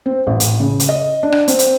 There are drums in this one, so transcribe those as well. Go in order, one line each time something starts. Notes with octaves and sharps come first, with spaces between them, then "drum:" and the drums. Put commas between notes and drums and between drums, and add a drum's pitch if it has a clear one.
C4
A1
drum: hi-hat
C#3
drum: hi-hat
D#5
D4
drum: rim click
C4, drum: hi-hat
drum: hi-hat